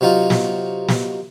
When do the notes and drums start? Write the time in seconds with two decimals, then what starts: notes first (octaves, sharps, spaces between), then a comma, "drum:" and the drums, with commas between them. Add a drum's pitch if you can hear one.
0.01 C3 F#3 D#4 F4
0.30 drum: snare
0.89 drum: snare